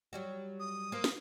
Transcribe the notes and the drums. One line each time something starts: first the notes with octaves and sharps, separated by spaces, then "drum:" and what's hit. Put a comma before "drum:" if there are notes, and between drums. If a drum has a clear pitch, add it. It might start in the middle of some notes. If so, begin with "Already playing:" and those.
F#3 G3 F#4
D#6
A#3 C5
drum: snare